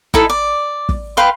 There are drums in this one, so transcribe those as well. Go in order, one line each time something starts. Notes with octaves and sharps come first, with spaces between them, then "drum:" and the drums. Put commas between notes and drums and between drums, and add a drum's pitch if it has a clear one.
D#4 E4 A4, drum: kick
D5
drum: kick
B4 F5 G5 C6